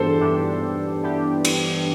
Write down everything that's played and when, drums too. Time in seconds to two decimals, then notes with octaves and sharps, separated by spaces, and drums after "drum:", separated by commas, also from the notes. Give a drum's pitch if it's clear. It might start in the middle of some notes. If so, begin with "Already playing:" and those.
Already playing: G2 E3 B3 D4 G4 A4 C5
0.20 G2 E3 B3 D4 G4
1.03 G2 E3 B3 D4 G4
1.45 drum: cymbal